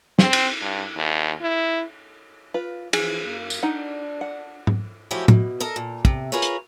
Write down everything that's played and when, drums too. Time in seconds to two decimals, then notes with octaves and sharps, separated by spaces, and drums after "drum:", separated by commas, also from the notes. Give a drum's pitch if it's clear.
0.19 C4, drum: snare
0.33 drum: cymbal
0.62 G2
0.97 D#2
1.42 E4
2.54 F4 B4
2.93 E3 F3 G#4, drum: cymbal
3.25 F#2 A#3
3.50 drum: tambourine
3.63 D4 D#4 F#5
4.21 F#5
4.67 drum: tom G#2
5.11 F3 F#3 A3 C#4 E4 G4
5.28 B2, drum: tom A2
5.60 A4 A#4 D#5
5.76 A#2
6.05 C3, drum: kick
6.32 F4 G#4 A#4 B4 C#5
6.42 drum: hi-hat